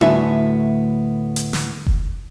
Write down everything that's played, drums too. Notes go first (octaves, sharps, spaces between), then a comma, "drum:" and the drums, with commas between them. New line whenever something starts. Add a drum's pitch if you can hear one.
D2 A2 B3 F#4 E5 G#5, drum: tom D4
drum: hi-hat
drum: snare
drum: kick F1